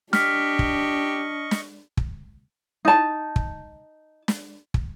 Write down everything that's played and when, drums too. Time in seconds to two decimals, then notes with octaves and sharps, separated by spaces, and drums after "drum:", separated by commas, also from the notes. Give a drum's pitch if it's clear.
0.13 D4 G4 D#5 C#6 F6 B6, drum: snare
0.59 drum: kick
1.51 drum: snare
1.97 drum: kick
2.85 D#4 A5
3.36 drum: kick
4.28 drum: snare
4.74 drum: kick